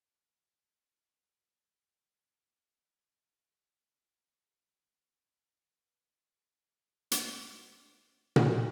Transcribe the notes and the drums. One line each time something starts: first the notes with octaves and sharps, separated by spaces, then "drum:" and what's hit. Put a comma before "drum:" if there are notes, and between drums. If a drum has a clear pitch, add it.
F#4
F#4
C#3 E3 A#3 A#4
A#2 A#3 C#4 G#4
F#4
G#4
A#2 F#3 A#3 B4
C#5
B4
G#4
F#2 D#3 F#3 G#4
drum: hi-hat
G#4
drum: tom A#2